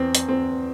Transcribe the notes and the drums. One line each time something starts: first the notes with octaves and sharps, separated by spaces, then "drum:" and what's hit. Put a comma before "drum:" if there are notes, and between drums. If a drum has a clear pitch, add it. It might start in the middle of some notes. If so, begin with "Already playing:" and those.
Already playing: E2 C4
drum: hi-hat
C4